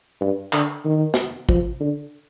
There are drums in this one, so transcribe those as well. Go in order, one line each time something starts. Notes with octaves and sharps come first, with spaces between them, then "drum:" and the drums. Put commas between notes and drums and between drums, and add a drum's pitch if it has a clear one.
G2
D3, drum: clap
D#3
drum: snare
F3, drum: kick
D3